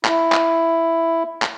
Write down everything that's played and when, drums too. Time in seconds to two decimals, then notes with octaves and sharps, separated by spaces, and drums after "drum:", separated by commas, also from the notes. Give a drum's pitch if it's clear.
0.05 E4, drum: clap
0.32 drum: clap
1.42 drum: clap